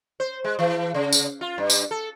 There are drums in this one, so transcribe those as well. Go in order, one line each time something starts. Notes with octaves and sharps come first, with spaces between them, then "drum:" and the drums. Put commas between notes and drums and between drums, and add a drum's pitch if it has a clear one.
C5
G#3
E3
C#3
drum: tambourine
F4
G2
drum: tambourine
A4